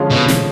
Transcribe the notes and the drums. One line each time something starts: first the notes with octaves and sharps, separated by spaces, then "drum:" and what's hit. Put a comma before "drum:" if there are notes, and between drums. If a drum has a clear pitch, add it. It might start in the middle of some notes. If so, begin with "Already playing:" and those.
Already playing: D3 F3 G#3 C#4 F4
B2
drum: snare